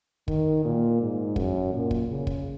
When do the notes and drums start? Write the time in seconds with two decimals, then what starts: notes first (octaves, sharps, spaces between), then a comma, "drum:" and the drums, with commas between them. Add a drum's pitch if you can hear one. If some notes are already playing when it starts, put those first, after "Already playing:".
0.28 D#3, drum: kick
0.65 A#2
1.01 G#2
1.36 F#2, drum: kick
1.73 A#2
1.91 drum: kick
2.08 C#3
2.27 drum: kick